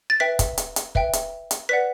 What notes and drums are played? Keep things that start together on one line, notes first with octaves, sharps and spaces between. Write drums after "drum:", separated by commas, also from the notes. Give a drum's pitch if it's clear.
A6
B4 E5 G5 B6
drum: kick, hi-hat
drum: hi-hat
drum: hi-hat
B4 E5 G5, drum: kick
drum: hi-hat
drum: hi-hat
B4 D5 F#5 B6